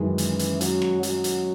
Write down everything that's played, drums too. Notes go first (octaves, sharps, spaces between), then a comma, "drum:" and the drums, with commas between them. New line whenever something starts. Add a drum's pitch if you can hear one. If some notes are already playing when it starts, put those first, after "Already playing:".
Already playing: F#2 D#3 E3 G#3
drum: hi-hat
drum: hi-hat
F#3, drum: hi-hat
drum: rim click
F#3, drum: hi-hat
drum: hi-hat